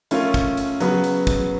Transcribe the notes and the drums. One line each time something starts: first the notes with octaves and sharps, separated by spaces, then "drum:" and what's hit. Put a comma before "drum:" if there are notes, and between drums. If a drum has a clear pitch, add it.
A3 C#4 F4 A#4, drum: hi-hat
drum: kick, hi-hat
drum: hi-hat
C#3 F#3 B3, drum: hi-hat
drum: hi-hat
drum: kick, hi-hat